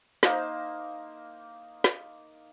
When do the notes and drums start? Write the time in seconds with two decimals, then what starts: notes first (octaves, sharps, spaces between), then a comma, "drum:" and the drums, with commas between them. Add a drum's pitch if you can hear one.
0.23 A#3 D#4 C5, drum: snare
1.84 drum: snare